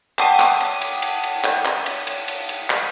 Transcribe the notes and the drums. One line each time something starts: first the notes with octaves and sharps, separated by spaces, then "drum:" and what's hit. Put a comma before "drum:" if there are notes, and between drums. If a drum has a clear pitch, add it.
F#5 G5 A5 D6 D#6 D#7, drum: clap
drum: clap
drum: cymbal
drum: cymbal
drum: cymbal
drum: cymbal
drum: clap
drum: clap
drum: cymbal
drum: cymbal
drum: cymbal
drum: cymbal
drum: clap